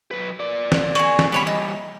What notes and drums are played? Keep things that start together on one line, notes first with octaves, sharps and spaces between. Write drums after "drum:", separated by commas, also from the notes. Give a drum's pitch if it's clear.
F#3 B4
A#4 D5
drum: snare
F#4 G#4, drum: hi-hat
drum: snare
E3 G3 B3 C#5 B5
D#4